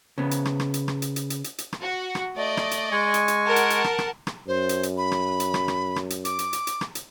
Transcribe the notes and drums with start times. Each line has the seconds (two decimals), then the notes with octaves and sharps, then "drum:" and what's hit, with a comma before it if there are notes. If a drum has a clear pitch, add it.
0.18 C#3 B3
0.31 drum: hi-hat
0.45 drum: rim click
0.60 drum: rim click
0.74 drum: hi-hat
0.88 drum: rim click
1.02 drum: hi-hat
1.16 drum: hi-hat
1.30 drum: hi-hat
1.44 drum: hi-hat
1.58 drum: hi-hat
1.73 drum: rim click
1.82 F#4
2.15 drum: rim click
2.36 A3 D5 D#5
2.57 drum: rim click
2.71 drum: hi-hat
2.92 G#3 G#5 C#6
3.14 drum: hi-hat
3.28 drum: hi-hat
3.46 A#4 F#5 A5
3.56 drum: hi-hat
3.70 drum: hi-hat
3.84 drum: rim click
3.99 drum: rim click
4.27 drum: rim click
4.48 F#2 C5
4.69 drum: hi-hat
4.83 drum: hi-hat
4.97 B5
5.12 drum: rim click
5.40 drum: hi-hat
5.54 drum: rim click
5.68 drum: rim click
5.96 drum: rim click
6.10 drum: hi-hat
6.25 D6, drum: hi-hat
6.39 drum: hi-hat
6.53 drum: hi-hat
6.67 drum: hi-hat
6.81 drum: rim click
6.95 drum: hi-hat